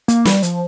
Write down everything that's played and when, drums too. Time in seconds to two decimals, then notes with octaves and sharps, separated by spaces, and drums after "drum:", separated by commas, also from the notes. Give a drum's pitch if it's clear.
0.08 A#3, drum: hi-hat
0.25 G3, drum: snare
0.43 F3, drum: hi-hat